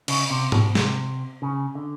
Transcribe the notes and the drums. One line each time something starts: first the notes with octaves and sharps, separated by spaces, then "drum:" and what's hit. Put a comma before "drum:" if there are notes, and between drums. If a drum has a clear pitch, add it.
C#3, drum: cymbal
C3
B2, drum: tom G#2
C3, drum: snare
C#3
D3